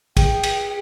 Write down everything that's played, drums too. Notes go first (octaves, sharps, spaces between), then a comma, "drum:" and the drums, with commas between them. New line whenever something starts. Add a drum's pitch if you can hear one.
G#4 G5, drum: kick, cymbal
drum: cymbal